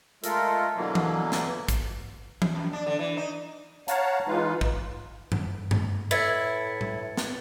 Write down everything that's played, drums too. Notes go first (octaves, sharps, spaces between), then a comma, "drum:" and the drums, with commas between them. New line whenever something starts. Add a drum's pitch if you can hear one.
G#3 A3 F4 A4 A#4, drum: hi-hat
B2 D3 E3 F#3 A#3
drum: tom E3
drum: snare
drum: kick, hi-hat
drum: tom E3
F#2
D4
D3
E3
D#4
C#5 F5 F#5 A5 A#5, drum: hi-hat
E3 G#3 D#4 F4 B4 F5
drum: kick
G2, drum: tom F#2
drum: tom F#2
A2 E4 B4 G#6 A6 C#7
drum: tom A#2
drum: snare